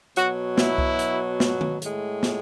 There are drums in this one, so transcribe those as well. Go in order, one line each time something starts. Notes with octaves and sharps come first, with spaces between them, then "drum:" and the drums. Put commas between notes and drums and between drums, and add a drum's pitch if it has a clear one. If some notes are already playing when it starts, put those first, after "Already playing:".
B2 F#3 F#4, drum: hi-hat
E4, drum: snare
drum: kick C2
drum: hi-hat
drum: snare
drum: tom D#3
A2 G#3, drum: hi-hat
drum: snare